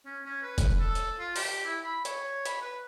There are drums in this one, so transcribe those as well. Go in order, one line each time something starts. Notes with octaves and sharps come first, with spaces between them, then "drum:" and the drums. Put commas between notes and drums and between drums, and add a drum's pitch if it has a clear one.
C#4
C#4
B4
drum: kick, hi-hat
A4
drum: hi-hat
F4
G4, drum: open hi-hat
E4
B5
C#5, drum: hi-hat
B5, drum: hi-hat
B4